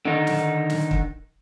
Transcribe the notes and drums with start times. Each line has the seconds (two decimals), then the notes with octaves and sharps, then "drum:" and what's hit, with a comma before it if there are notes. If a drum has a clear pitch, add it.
0.05 D3 D#3 D#4
0.27 drum: snare
0.70 drum: snare
0.91 drum: kick